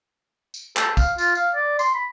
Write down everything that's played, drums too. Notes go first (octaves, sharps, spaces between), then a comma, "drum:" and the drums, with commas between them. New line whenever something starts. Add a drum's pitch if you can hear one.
drum: tambourine
A4, drum: clap
F5, drum: kick, tambourine
F4, drum: tambourine
F5, drum: tambourine
D5
C6, drum: tambourine
B5